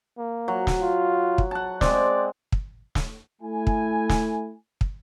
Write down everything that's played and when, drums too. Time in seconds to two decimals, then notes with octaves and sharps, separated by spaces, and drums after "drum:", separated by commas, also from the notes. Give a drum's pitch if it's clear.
0.18 A#3
0.48 F#3
0.67 drum: snare
0.81 F4
1.38 drum: kick
1.51 F#5 A5
1.81 G#3 C4 D5, drum: snare
2.52 drum: kick
2.95 drum: snare
3.42 A3 E4 G#5
3.67 drum: kick
4.09 drum: snare
4.81 drum: kick